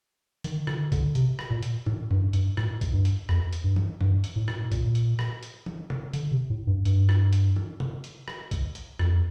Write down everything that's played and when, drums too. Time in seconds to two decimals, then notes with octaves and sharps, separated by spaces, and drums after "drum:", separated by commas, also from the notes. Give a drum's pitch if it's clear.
0.44 D#3, drum: hi-hat
0.67 D3, drum: rim click
0.92 D3, drum: kick, hi-hat
1.15 C3, drum: hi-hat
1.39 drum: rim click
1.51 A#2
1.63 drum: hi-hat
1.86 A2, drum: tom
2.11 G2, drum: tom
2.33 G2, drum: hi-hat
2.57 A2, drum: rim click
2.81 drum: kick, hi-hat
2.93 G2
3.05 drum: hi-hat
3.29 F2, drum: rim click
3.53 drum: hi-hat
3.64 G2
3.76 drum: tom
4.01 G2, drum: tom
4.24 drum: hi-hat
4.36 A2
4.48 A#2, drum: rim click
4.60 A2
4.72 A#2, drum: kick, hi-hat
4.95 drum: hi-hat
5.19 drum: rim click
5.43 drum: hi-hat
5.66 drum: tom
5.90 drum: tom
6.13 D3, drum: hi-hat
6.31 C3
6.50 A2
6.67 G2
6.85 G2, drum: hi-hat
7.09 drum: rim click
7.33 drum: hi-hat
7.56 drum: tom
7.80 drum: tom
8.04 drum: hi-hat
8.28 drum: rim click
8.51 drum: kick, hi-hat
8.75 drum: hi-hat
8.99 F2, drum: rim click